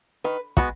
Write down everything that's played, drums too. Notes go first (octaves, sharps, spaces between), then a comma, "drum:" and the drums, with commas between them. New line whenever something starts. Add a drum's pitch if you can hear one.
D#3 B4
G#3 B3 F#4, drum: kick